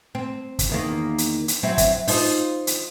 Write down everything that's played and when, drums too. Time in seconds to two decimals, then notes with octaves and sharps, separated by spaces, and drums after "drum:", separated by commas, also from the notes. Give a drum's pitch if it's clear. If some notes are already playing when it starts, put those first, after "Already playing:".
0.15 C4
0.59 drum: kick, hi-hat
0.69 E2 D#3 A#3
1.18 drum: hi-hat
1.48 drum: hi-hat
1.63 F#3 C4 E4
1.78 drum: kick, hi-hat
2.08 D#4 F4 C5, drum: open hi-hat
2.67 drum: hi-hat